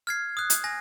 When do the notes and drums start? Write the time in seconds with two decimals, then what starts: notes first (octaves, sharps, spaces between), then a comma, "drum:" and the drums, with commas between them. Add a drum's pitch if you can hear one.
0.07 F6 G#6 C7
0.37 D#6 F#6
0.50 drum: hi-hat
0.64 G#5 A#6